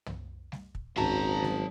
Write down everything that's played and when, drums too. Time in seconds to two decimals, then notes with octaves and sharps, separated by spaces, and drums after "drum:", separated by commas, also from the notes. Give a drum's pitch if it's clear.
0.06 drum: tom
0.52 drum: snare G3
0.75 drum: kick
0.97 G#1 F#3 C#4 F#4 A5 A#5, drum: tom
1.43 drum: snare G3